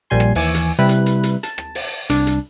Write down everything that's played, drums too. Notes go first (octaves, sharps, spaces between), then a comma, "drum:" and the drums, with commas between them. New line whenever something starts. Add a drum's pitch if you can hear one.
A#1 A#2 G3 G#5 C6
drum: rim click
D#2 E3 G#5 C#6 D6 E6, drum: open hi-hat
drum: hi-hat
C3 G3 E4 B4 F#6
drum: hi-hat
drum: hi-hat
drum: hi-hat
A5, drum: hi-hat
drum: rim click
drum: open hi-hat
C2 D4, drum: hi-hat
drum: hi-hat